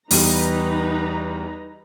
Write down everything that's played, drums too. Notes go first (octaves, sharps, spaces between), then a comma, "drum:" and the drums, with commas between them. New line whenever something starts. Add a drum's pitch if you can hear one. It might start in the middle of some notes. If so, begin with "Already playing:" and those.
E2 G3 D#4 B4 A#5, drum: open hi-hat